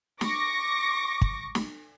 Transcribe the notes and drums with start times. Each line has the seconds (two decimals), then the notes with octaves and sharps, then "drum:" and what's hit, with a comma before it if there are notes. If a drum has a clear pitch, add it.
0.21 C#6 D6 A#6, drum: snare
1.21 drum: kick
1.55 drum: snare